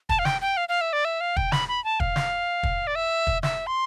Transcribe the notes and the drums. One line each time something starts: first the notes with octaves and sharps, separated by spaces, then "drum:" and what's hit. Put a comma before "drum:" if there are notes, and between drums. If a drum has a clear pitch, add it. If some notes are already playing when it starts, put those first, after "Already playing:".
A5, drum: kick
F5
G5, drum: snare
G5
F5
F5
E5
D5
E5
F5
G5, drum: kick
B5, drum: snare
B5
A5
F5, drum: kick
drum: snare
drum: kick
D5
E5
drum: kick
E5, drum: snare
C6